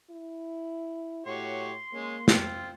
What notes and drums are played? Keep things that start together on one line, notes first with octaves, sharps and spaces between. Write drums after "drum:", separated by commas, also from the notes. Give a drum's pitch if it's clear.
E4
A2 F#4 G4 C#5 C6
G#3 A#3 C#4
C4 F4, drum: snare